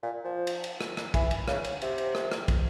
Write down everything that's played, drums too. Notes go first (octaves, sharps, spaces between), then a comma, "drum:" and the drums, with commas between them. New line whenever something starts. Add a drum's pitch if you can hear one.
A#2
F3
drum: cymbal
drum: cymbal
drum: rim click
drum: rim click
E3, drum: kick, cymbal
drum: cymbal
C#3, drum: rim click
drum: cymbal
C3, drum: cymbal
drum: cymbal
drum: rim click
drum: rim click
drum: kick, cymbal